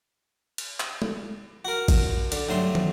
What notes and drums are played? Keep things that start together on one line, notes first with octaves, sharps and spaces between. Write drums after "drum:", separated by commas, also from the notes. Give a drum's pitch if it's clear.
drum: cymbal
drum: clap
drum: tom
F#4 A#4
drum: kick, cymbal
D3, drum: cymbal
G2 F#3 A3 C6
drum: tom